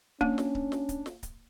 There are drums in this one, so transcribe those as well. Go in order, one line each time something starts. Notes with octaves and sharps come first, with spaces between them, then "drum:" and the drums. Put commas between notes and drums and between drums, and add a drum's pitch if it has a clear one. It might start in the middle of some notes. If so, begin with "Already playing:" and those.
A#3 C#4 D4, drum: kick C#1
drum: snare
drum: kick C#1
drum: snare
drum: kick C#1, hi-hat
drum: snare
drum: kick C#1, hi-hat